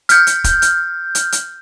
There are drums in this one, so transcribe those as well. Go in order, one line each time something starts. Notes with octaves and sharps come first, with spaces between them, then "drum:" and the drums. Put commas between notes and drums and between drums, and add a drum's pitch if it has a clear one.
F6 G6, drum: hi-hat
drum: hi-hat
drum: kick, hi-hat
drum: hi-hat
drum: hi-hat
drum: hi-hat